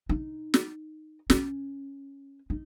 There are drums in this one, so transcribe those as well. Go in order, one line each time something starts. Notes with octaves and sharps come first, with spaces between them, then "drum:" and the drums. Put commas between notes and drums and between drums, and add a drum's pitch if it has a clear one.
D#4
drum: snare
C#4, drum: snare
D#4